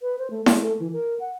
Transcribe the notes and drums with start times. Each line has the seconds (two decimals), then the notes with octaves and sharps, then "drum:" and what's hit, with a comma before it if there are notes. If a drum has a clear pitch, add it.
0.01 B4
0.19 C5
0.30 A3
0.46 G#3, drum: snare E4
0.62 A3
0.80 E3
0.93 A#4
1.20 F#5